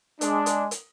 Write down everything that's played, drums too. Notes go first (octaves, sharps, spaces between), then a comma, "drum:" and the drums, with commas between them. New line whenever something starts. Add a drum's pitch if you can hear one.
G#3 D4, drum: hi-hat
drum: hi-hat
drum: hi-hat